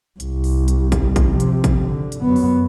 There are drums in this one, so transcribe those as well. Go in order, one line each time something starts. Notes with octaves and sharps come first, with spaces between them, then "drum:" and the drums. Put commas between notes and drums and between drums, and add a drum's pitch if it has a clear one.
C2, drum: hi-hat
drum: open hi-hat
drum: hi-hat
drum: kick, hi-hat
drum: kick, hi-hat
C3 F3
drum: hi-hat
drum: kick, hi-hat
D3
drum: hi-hat
F#2 B3
drum: open hi-hat